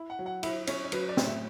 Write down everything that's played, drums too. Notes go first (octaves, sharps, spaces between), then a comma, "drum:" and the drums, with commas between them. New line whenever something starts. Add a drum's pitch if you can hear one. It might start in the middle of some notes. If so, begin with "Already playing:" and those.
Already playing: E4
F#5
F#3
F#5
E4 E5, drum: cymbal
C#4 C#5, drum: cymbal
C#5
F#3 B4, drum: cymbal
D5
A2, drum: snare
E5